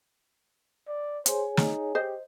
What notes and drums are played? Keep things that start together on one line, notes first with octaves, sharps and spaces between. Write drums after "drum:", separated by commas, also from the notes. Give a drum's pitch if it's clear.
D5
G#4 C5 C#5 G#5, drum: hi-hat
D#4, drum: snare
G4 C5 D#5